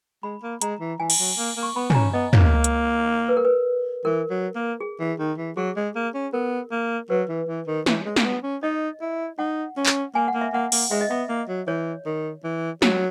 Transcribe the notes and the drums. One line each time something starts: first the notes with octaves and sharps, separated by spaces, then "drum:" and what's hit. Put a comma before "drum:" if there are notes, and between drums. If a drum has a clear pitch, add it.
G#3 B5
A#3
G#3 A#5, drum: hi-hat
E3
E3 G#5
drum: cymbal
F#3
A#3
A#3
C#6
B3 B5
G#5, drum: tom
C#4 A#5
B3 D#5
A#3 C#5, drum: tom
drum: hi-hat
B4
A#4
B4
E3 A#4
F#3
A#3
G#4
E3
D#3
E3
F#3 G#4
G#3
A#3
C#4
B3 A#4
A#3
F#3 B4
E3
E3
D#3
E3 C#5, drum: snare
G#3
A#3, drum: snare
B3
C#4
D#4 D#5
E4
D#4 F#5
C#4
drum: clap
A#3 G#5
F#5
A#3
E5
A#3 F#5
A#3, drum: open hi-hat
G#3 E5
D#5
B3 E5
A#3
F#3
E3 C#5
D#3
E3
F#3, drum: snare